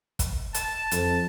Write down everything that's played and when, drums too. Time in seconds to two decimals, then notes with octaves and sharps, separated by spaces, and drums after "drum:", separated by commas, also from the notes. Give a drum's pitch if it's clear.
0.19 drum: kick, hi-hat
0.54 A5, drum: hi-hat
0.91 F2, drum: hi-hat